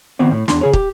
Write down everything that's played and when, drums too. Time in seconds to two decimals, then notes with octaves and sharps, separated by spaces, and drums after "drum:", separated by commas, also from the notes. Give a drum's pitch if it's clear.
0.19 D#3 B3 C4 D5
0.32 A2
0.48 E2 D4 C6, drum: snare
0.61 C#3 G#4 C#5
0.73 G4, drum: kick